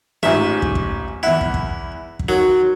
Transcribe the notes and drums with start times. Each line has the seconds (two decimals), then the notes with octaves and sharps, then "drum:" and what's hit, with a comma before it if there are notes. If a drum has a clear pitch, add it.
0.23 A1 G#2 F4 E5
0.62 drum: kick
0.75 drum: kick
1.23 E2 E4 F#5
1.41 drum: kick
1.54 drum: kick
2.19 drum: kick
2.29 D#3 F#3